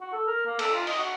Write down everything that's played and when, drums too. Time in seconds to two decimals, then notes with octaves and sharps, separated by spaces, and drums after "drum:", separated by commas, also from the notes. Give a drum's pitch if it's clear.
0.01 F#4
0.13 A4
0.27 A#4
0.46 A#3
0.59 A4, drum: cymbal
0.73 F4
0.87 D#5, drum: open hi-hat
0.98 F#4